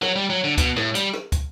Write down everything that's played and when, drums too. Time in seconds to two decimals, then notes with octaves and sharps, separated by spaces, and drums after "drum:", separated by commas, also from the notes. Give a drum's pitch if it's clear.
0.02 F#3, drum: rim click
0.16 G3
0.30 F#3
0.44 D3
0.58 B2, drum: kick, hi-hat
0.77 A2, drum: rim click
0.95 G3, drum: hi-hat
1.14 drum: rim click
1.32 drum: kick, hi-hat